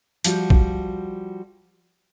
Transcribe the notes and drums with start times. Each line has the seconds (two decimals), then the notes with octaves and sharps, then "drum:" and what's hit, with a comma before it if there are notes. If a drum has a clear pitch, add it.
0.24 F3 G3 F#4, drum: hi-hat
0.50 drum: kick A#1